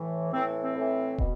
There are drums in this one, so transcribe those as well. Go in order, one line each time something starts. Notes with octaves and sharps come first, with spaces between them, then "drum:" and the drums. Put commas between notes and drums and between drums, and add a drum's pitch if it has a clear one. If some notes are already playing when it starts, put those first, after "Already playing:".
Already playing: A2 E3
A2 E3 C4
C4
A2 E3
B2, drum: kick